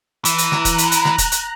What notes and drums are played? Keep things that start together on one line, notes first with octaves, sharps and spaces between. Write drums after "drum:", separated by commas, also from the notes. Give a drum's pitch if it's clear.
E3 A#5 F#6, drum: hi-hat
drum: hi-hat
drum: snare
drum: kick, hi-hat
drum: hi-hat
drum: hi-hat
drum: snare
drum: kick, hi-hat
drum: hi-hat